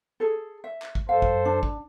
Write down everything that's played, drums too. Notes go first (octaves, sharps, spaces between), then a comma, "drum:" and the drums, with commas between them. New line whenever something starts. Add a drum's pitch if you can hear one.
G#4 A4
E5
drum: clap
drum: kick
F#2 A4 C5 F5
drum: kick
D4
drum: kick